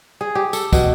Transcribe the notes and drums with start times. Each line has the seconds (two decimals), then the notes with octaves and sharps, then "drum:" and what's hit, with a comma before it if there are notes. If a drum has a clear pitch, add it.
0.21 G#4
0.35 G4
0.53 A4, drum: tambourine
0.73 B2, drum: kick, tambourine